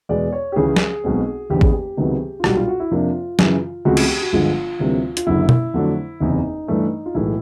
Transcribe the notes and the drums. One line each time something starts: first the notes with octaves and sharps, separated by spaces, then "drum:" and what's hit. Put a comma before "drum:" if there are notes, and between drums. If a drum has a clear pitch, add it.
E2 B2 G#3 B3 D5
C#5
G4
C#2 C#3 E3 G#3 G#4
drum: snare
B1 B2 G#3 C4
F#1 E2 C#3 G4
G#4, drum: kick A1
G4
C#2 C3 D#3 F#3 B3
F4
B1 A#2 G3 F#4, drum: rim click
F4
F#4
E4
F2 C3 F3 A#3 D4 F4
F#2 C#3 E3, drum: snare
C#2 C#3 F3 A3 C4 F#4
F#4, drum: cymbal
G4
F#4
G1 G2 D3 F3 G#3 F4
D2 C3 E3 G3 A#3
F4, drum: hi-hat
F#1 F#2 D3 E4
drum: tom B2
F2 D3 F#3 A3 D4
F#1 E2 C3 D#4
G2 E3 A3 D4
F4
B1 A2 E3 G#3 E4